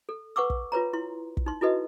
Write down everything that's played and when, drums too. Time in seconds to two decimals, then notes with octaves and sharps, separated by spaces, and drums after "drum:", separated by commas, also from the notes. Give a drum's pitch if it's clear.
0.09 A4
0.36 B4 F#5 C#6 D6 E6
0.50 drum: kick
0.72 F4 B4 C#5 A#5
0.93 E4 C6
1.37 drum: kick
1.46 D#4 C6
1.61 E4 F#4 A4 B4 D#5